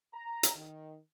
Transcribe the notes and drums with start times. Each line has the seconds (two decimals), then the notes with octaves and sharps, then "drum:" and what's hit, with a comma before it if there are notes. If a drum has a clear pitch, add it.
0.14 A#5
0.43 drum: hi-hat
0.55 D#3